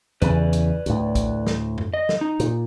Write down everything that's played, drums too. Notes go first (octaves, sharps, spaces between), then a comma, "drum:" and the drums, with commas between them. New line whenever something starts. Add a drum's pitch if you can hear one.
E2 C#3 E3 B4 D5, drum: hi-hat
drum: hi-hat
D2 A2, drum: hi-hat
drum: kick, hi-hat
drum: snare
drum: tom F2
D#5
drum: snare
D#4
A#2, drum: hi-hat